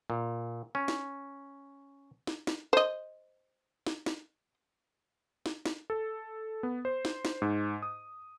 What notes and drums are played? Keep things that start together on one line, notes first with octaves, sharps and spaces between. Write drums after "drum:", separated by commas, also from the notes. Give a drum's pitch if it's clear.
A#2
C#4
drum: snare
drum: snare
drum: snare
C5 D#5
drum: snare
drum: snare
drum: snare
drum: snare
A4
B3
C5
drum: snare
drum: snare
G#2
D#6